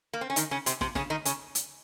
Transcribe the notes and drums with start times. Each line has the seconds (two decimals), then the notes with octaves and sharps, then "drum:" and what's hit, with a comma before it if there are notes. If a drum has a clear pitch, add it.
0.13 A#3
0.21 C4
0.30 C#4
0.36 D#3 D#4, drum: hi-hat
0.51 C#3 C#4
0.66 C3 C4, drum: hi-hat
0.81 C3 C4, drum: snare
0.95 C#3 C#4, drum: snare
1.10 D#3 D#4
1.25 C#3 C#4, drum: hi-hat
1.55 drum: hi-hat